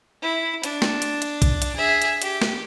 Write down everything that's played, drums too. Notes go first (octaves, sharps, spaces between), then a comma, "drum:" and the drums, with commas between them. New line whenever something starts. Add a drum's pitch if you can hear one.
E4
D4, drum: hi-hat
drum: snare
drum: hi-hat
drum: hi-hat
drum: kick A#1, hi-hat
drum: hi-hat
G#4 E5
drum: hi-hat
G4, drum: hi-hat
drum: snare